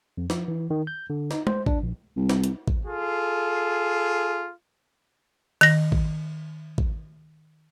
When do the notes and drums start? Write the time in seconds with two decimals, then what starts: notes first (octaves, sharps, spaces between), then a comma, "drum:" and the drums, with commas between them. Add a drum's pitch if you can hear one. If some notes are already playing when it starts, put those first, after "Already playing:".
0.17 F2
0.30 F3, drum: snare
0.48 E3
0.70 D#3
0.87 G6
1.10 D3
1.31 D#4, drum: snare
1.47 C5, drum: tom G#3
1.66 D4, drum: kick
1.83 A#1
2.16 C2
2.29 drum: snare
2.44 drum: hi-hat
2.68 drum: kick
2.86 F4 G#4 A4
5.61 D#3 A#6, drum: cymbal
5.92 drum: kick
6.78 drum: kick